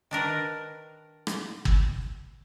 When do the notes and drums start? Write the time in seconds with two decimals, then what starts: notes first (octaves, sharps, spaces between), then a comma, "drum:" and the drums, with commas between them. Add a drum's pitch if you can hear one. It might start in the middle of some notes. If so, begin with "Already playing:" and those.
0.11 D#3 D4 A#4 B4
1.27 drum: rim click
1.65 drum: kick